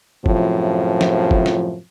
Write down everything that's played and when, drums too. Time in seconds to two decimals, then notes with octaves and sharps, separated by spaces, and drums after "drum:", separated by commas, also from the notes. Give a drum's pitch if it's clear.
0.26 F#2 A2 C3 F3, drum: kick F#1
1.01 drum: snare
1.31 drum: kick F#1
1.46 drum: snare